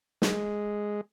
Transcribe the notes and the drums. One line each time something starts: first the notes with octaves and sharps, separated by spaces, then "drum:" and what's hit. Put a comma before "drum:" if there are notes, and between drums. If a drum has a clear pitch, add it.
G#3, drum: snare